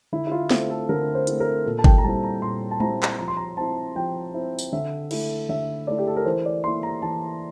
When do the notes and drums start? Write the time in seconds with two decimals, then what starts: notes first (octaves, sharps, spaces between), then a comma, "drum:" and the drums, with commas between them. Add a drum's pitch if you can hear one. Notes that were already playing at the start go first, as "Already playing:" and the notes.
0.12 D3 E4
0.27 E4
0.32 F4
0.50 A3 C4 E4, drum: snare
0.70 A4
0.89 D3 A#4
1.15 C5
1.27 A3 C4 E4, drum: hi-hat
1.40 A#4
1.66 A#2 A4
1.78 A5
1.84 G5, drum: kick G1
1.98 A#5
2.04 G3 C4 E4 A5
2.23 A#5
2.42 A#2 C6
2.71 A5
2.80 G3 C4 E4 A#5, drum: tom G#3
3.03 drum: clap
3.18 F3 A#5
3.28 C6
3.37 A#5
3.57 C4 E4 A5
3.95 F3 G5
4.34 C4 E4
4.58 drum: tambourine
4.72 D3 E5
5.11 A3 E4, drum: cymbal
5.49 D3 E5
5.87 A3 E4 D5
5.98 G4
6.07 A4
6.16 A#4
6.25 E3 C5
6.45 D5
6.64 A#3 E4 C6
6.83 A#5
7.02 E3 A5